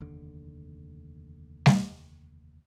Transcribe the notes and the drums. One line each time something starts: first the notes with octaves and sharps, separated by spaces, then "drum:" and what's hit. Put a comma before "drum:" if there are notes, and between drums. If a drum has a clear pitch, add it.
F1 D#2 D3
drum: snare G3